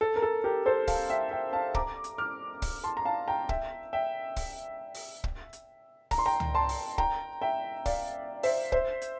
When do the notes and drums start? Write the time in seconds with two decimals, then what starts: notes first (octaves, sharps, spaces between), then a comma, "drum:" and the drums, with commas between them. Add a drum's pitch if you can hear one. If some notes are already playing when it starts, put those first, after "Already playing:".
0.01 A4
0.16 A#4
0.22 A4
0.44 G4 A#4
0.66 A4 C5
0.88 F5 A5, drum: kick, open hi-hat
1.10 E5 G5
1.31 E5 G5
1.53 F5 A5
1.74 A#5 D6, drum: kick
2.04 drum: hi-hat
2.18 D6 F6
2.62 drum: kick, open hi-hat
2.84 A5 C6
2.97 A#5
3.05 F5 A5
3.28 G5 A#5
3.49 E5 G5, drum: kick
3.93 E5 G5
4.37 drum: kick, open hi-hat
4.95 drum: open hi-hat
5.24 drum: kick
5.53 drum: hi-hat
6.11 A#5, drum: kick, open hi-hat
6.18 C6
6.26 G5 A#5
6.40 drum: tom C#2
6.55 A5 C6
6.69 drum: open hi-hat
6.98 G5 A#5, drum: kick
7.42 E5 G5
7.86 D5 F5, drum: kick, open hi-hat
8.43 C5 E5, drum: open hi-hat
8.72 C5 E5, drum: kick
9.02 drum: hi-hat